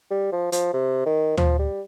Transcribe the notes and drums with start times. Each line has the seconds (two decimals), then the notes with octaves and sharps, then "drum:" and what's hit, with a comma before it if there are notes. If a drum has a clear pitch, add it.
0.10 G3
0.32 F3
0.52 F3, drum: hi-hat
0.74 C3
1.06 D#3
1.37 F3, drum: tom
1.59 G3